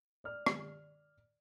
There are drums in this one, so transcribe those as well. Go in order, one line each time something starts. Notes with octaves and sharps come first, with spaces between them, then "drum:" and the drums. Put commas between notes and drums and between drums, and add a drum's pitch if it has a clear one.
D5 F6
drum: rim click